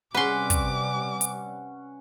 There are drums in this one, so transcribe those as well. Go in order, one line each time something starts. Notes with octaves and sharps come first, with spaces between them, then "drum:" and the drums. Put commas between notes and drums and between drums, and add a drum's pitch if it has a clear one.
C3 G3 C#4 B4 F#5 C6 D6
drum: kick, hi-hat
drum: hi-hat